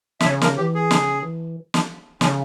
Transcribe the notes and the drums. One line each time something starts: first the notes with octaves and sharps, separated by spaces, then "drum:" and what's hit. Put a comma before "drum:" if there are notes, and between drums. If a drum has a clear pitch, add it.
E5, drum: snare
C#3 C#5
A#4, drum: snare
E3 G4
G#4
C#3, drum: snare
E3
drum: snare
C#3 C#4, drum: snare